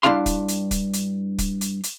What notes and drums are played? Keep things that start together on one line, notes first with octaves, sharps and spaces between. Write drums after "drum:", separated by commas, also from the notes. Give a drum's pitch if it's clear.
G2 C4 D4 E4 F5 C6
drum: kick, hi-hat
drum: hi-hat
drum: kick, hi-hat
drum: hi-hat
drum: kick, hi-hat
drum: hi-hat
drum: hi-hat